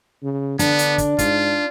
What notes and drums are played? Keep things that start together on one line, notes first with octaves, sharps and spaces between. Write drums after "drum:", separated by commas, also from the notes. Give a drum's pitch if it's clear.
C#3
D3 B3 D4, drum: hi-hat
drum: hi-hat
drum: kick, hi-hat
G#2 F4, drum: kick, hi-hat